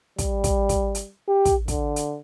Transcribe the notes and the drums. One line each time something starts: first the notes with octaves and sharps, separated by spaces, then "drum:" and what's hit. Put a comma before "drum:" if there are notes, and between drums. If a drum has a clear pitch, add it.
G3, drum: kick, hi-hat
drum: kick, hi-hat
drum: kick, hi-hat
drum: hi-hat
G4
drum: kick, hi-hat
D3, drum: kick, hi-hat
drum: hi-hat